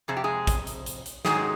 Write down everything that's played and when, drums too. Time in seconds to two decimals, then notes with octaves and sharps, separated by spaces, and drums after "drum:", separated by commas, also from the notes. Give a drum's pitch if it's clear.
0.08 F2 C3 G#4
0.17 G4
0.24 G#3 G#4
0.47 drum: kick, hi-hat
0.67 drum: hi-hat
0.86 drum: hi-hat
1.06 drum: hi-hat
1.25 G#2 D#3 F#3 G#3 G#4, drum: snare